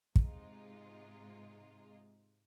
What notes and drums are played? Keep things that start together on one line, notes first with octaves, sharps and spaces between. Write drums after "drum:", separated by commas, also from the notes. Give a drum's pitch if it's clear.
G#2 C3 G#3 D#4 F4, drum: kick